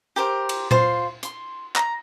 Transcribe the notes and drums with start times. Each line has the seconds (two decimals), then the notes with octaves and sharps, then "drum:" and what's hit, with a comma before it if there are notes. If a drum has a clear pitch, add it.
0.16 G4 A#4 C5
0.49 drum: cymbal
0.71 F4 C5, drum: tom A#2
1.23 C6, drum: hi-hat
1.76 A#5, drum: clap